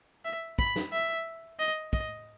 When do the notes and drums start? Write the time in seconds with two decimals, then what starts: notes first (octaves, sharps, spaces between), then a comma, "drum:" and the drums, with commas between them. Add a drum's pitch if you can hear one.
0.25 E5
0.59 B5, drum: kick
0.76 drum: snare
0.92 E5
1.59 D#5
1.93 D#5, drum: kick